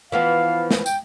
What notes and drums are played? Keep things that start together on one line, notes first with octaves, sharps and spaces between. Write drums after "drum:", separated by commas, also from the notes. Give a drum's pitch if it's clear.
E3 F3 B3 F5
drum: snare
G5, drum: tambourine